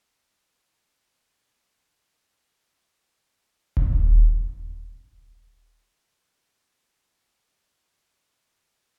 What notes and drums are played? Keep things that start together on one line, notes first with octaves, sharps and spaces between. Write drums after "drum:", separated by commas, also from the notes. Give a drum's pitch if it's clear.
C4 C#4 D#4 E4 D#5 F#5
A3 C#5 F6 F#6 A#6
drum: kick D#1
B3 C#4 E4 G#4
A#4 C5 C#5 G#5 A5 C6 F#6
G#4 E5 F5
G4